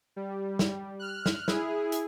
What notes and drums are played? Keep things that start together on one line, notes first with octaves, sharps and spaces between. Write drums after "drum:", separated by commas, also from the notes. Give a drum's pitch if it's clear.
G3
drum: snare
F6 F#6
drum: snare
E4 G#4, drum: snare
drum: hi-hat